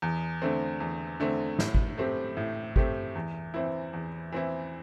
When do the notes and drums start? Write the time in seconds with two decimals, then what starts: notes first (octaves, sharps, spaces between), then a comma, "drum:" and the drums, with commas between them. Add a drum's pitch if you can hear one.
0.02 E2
0.42 D3 A3 C4
0.80 E2
1.20 D3 A3 C4
1.59 A2, drum: snare
1.74 drum: kick G#1
1.98 A3 C4 G4
2.37 A2
2.76 A3 C4 G4, drum: kick G#1
3.15 E2
3.54 E3 C4 E4
3.93 E2
4.32 E3 C4 E4